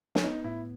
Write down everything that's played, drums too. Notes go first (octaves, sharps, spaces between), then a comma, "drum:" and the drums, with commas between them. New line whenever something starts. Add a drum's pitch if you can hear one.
C#4, drum: snare
B3 D#4
A2 E4